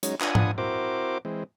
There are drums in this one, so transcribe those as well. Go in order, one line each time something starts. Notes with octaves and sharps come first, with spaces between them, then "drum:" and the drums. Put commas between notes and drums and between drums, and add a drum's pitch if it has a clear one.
F#3 G#3 C#4 D#4, drum: hi-hat
D4 F4 B4 F#5 G#5 D#6, drum: clap
drum: tom G#2
C4 E4 F#4 A#4 C5 D6
E3 G#3 C4